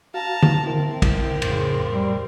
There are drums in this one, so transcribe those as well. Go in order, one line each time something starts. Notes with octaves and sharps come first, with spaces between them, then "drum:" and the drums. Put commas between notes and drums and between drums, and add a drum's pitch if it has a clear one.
F#4 F5 A5 A#5
drum: tom D3
C4 E4 A#4
drum: kick, cymbal
F2 A2 C#3 C6, drum: cymbal
G3